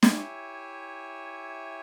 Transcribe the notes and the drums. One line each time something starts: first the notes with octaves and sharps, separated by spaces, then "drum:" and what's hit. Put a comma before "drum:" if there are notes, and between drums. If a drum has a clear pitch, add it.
E4 G4 C#5 E5 G#5, drum: snare